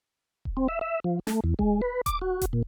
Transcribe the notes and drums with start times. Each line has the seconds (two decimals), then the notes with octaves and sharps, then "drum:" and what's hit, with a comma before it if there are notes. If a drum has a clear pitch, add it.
0.45 drum: kick D#1
0.57 C4
0.68 E5
0.81 E5
1.04 F3
1.27 A3, drum: snare
1.44 E2
1.59 G#3, drum: kick D#1
1.82 B4
2.06 D6, drum: kick D#1, hi-hat
2.21 F#4
2.41 drum: kick D#1, hi-hat
2.53 A#2